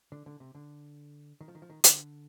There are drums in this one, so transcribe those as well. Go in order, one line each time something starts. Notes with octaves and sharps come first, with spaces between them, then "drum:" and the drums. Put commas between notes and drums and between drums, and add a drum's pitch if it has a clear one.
D3
D3
C3
D3
D#3
F3
D#3
F3
D#3
D3, drum: hi-hat